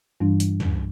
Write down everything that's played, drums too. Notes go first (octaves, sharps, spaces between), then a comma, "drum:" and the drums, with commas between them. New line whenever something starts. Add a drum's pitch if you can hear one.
G2 E3 G3 D4
drum: hi-hat
drum: tom